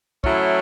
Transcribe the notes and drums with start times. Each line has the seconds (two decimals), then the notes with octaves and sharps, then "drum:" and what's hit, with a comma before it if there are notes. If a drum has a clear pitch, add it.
0.24 F#3 A3 C#4 E4, drum: kick